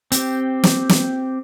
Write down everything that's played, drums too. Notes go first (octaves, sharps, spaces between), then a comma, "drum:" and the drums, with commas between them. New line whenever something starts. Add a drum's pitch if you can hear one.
C4 G4, drum: hi-hat
drum: snare
drum: snare